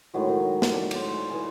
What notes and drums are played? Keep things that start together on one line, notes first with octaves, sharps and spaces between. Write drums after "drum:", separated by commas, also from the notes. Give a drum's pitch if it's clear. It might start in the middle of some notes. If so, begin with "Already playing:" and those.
A2 D#3 F#3 G#3
D#3
drum: snare
D5 A5
A2 C5, drum: cymbal
G#5
E3 G#4 A5